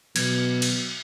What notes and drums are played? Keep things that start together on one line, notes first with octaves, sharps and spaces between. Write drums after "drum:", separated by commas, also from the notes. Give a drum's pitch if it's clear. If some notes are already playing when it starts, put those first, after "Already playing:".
B2 F#3 G#6, drum: cymbal
drum: cymbal